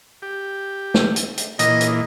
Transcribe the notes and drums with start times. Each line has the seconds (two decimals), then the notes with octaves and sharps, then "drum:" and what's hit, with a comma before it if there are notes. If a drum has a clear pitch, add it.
0.22 G4
0.94 drum: snare
1.16 drum: hi-hat
1.37 drum: hi-hat
1.59 A#2 E3 D#5, drum: hi-hat
1.81 drum: hi-hat